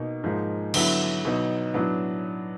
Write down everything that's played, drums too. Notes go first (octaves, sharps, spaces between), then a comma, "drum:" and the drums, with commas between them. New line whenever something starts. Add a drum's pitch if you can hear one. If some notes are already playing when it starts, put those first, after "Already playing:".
Already playing: B2 A#3 D#4
G#2 F3 A#3 D#4
D3 F#3 B3 E4, drum: cymbal
B2 F#3 B3 D#4
A2 F#3 B3 D4